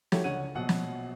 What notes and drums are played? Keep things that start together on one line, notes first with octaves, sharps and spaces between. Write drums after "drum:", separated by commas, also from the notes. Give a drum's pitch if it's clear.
A3 E4 F#4 G4 C#5, drum: snare
C#2 D3 C#5 F#5 D#7
A#1 B2 F#3 F#5
drum: snare